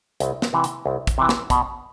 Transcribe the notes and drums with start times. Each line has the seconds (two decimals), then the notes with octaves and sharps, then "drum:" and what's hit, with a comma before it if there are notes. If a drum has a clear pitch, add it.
0.20 C2, drum: hi-hat
0.42 drum: snare
0.53 C3 E3
0.64 drum: hi-hat
0.86 C2
1.07 drum: kick, hi-hat
1.18 C3 E3
1.29 drum: snare
1.50 B2, drum: kick, hi-hat